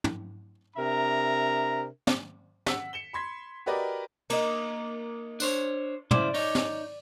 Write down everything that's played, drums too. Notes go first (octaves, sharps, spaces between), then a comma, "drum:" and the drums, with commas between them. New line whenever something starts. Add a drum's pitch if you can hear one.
drum: tom
C3 D4 A#4 E5 A#5
drum: snare
F#5 E6 B6, drum: snare
C#7 E7 G7
B5 C6 G#6 B6
F#4 G4 A#4 B4 D5 D#5
A#3 D#5, drum: cymbal
D4 C5 C#5, drum: tambourine
C#3 E4 C5 D5, drum: tom
D#4 C#5, drum: open hi-hat
drum: snare